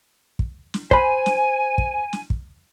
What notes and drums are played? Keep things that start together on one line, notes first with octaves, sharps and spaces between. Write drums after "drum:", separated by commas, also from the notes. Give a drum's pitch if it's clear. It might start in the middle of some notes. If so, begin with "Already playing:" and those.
drum: kick
drum: snare
C5 G#5 B5, drum: kick
drum: snare
drum: kick
drum: snare
drum: kick